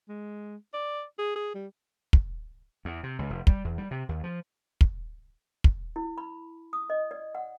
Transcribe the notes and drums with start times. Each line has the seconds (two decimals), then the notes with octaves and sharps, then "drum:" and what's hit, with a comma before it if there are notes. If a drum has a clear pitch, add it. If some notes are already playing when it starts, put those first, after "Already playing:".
0.08 G#3
0.74 D5
1.19 G#4
1.36 G#4
1.54 G3
2.13 drum: kick
2.85 E2
3.03 C3
3.19 C#2
3.30 F1
3.47 G3, drum: kick
3.65 E2
3.78 G3
3.91 C3
4.09 D#2
4.24 F3
4.81 drum: kick
5.64 drum: kick
5.96 E4
6.18 B5
6.73 D#6
6.90 D#5
7.11 D5
7.35 F#5